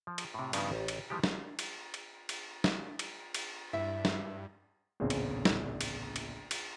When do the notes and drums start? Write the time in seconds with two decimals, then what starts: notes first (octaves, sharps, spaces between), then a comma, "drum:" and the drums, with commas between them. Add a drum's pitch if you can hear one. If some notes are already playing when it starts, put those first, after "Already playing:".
0.07 F3
0.18 drum: cymbal
0.34 A2 C3
0.53 G2 C#3 F3 B3 D#4 E4, drum: cymbal
0.72 A1 G4
0.88 drum: cymbal
1.10 E3 F3 G#3 G4
1.24 drum: snare
1.59 drum: cymbal
1.94 drum: cymbal
2.29 drum: cymbal
2.64 drum: snare
2.99 drum: cymbal
3.34 drum: cymbal
3.73 G2 E4 E5
4.05 drum: snare
5.00 D1 A#1 E2 C#3 C4 G#4
5.10 drum: cymbal
5.45 drum: snare
5.81 drum: cymbal
6.16 drum: cymbal
6.51 drum: cymbal